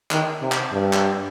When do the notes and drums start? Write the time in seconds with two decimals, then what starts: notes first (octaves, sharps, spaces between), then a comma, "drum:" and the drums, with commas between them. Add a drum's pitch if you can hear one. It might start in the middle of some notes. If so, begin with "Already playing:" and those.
0.11 D#3, drum: clap
0.41 C3
0.52 drum: clap
0.72 G2
0.93 drum: clap